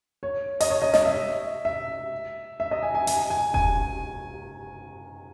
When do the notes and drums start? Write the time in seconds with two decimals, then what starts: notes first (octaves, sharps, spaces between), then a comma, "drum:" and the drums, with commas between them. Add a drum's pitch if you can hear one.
0.23 C#5
0.60 D#5, drum: hi-hat
0.70 C#5
0.82 D#5
0.94 D#5, drum: snare
1.05 E5
1.65 E5
2.60 E5
2.71 D#5
2.83 G#5
2.95 G#5
3.07 G#5, drum: hi-hat
3.30 G#5
3.54 G#5, drum: kick E1